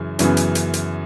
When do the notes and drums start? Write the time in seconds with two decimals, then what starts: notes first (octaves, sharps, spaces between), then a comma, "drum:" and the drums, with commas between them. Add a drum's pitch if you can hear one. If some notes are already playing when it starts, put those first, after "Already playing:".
Already playing: F#2 C#3 E3
0.19 F#2 C#3 E3 B3, drum: hi-hat
0.37 drum: hi-hat
0.55 drum: hi-hat
0.74 drum: hi-hat